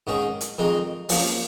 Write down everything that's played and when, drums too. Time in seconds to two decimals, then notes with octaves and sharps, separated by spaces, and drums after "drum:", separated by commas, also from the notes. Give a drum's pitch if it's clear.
0.07 G#2 D#3 C#4 G#4
0.41 drum: hi-hat
0.58 F2 D#3 G#3 D#4
1.09 F3 A#3 C#4, drum: open hi-hat